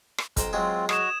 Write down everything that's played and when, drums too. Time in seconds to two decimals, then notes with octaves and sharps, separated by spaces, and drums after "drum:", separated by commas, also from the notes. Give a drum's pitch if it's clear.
0.18 drum: rim click
0.37 B1 C5 G5 A#5, drum: kick, hi-hat
0.53 F#3 G#3 C4 F4 G#4
0.89 F#4 D#5 D#6 G#6 E7, drum: rim click